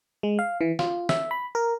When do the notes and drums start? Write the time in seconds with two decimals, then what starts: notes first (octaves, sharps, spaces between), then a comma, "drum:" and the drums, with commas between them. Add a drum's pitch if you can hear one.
0.23 G#3
0.39 F5
0.61 E3
0.79 F4, drum: snare
1.09 E5, drum: snare
1.31 B5
1.55 A#4